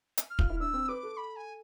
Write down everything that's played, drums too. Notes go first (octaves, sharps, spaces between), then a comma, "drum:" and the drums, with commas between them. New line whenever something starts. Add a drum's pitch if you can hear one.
drum: hi-hat
F6
F4, drum: kick
E4
D4 E6
C4
B4 D6
A4
B5
G#5